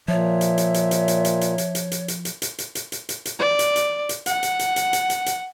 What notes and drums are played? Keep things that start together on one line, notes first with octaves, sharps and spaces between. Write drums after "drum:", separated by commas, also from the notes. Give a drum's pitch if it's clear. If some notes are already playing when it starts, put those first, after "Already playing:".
A#2 F3 C#5 E5
drum: hi-hat
drum: hi-hat
drum: hi-hat
drum: hi-hat
drum: hi-hat
drum: hi-hat
drum: hi-hat
drum: hi-hat
drum: hi-hat
drum: hi-hat
drum: hi-hat
drum: hi-hat
drum: hi-hat
drum: hi-hat
drum: hi-hat
drum: hi-hat
drum: hi-hat
drum: hi-hat
D5
drum: hi-hat
drum: hi-hat
drum: hi-hat
F#5, drum: hi-hat
drum: hi-hat
drum: hi-hat
drum: hi-hat
drum: hi-hat
drum: hi-hat
drum: hi-hat